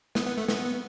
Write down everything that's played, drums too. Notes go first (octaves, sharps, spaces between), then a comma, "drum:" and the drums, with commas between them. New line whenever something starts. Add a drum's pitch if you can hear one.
B3, drum: snare
B3
A3
B3, drum: snare